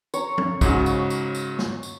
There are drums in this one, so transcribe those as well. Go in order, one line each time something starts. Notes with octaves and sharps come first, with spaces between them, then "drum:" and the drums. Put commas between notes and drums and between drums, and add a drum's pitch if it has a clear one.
C#5 A#5, drum: tambourine
drum: tom F3
G#2 C#3 F#4, drum: kick, tambourine
drum: tambourine
drum: tambourine
drum: tambourine
drum: snare
drum: tambourine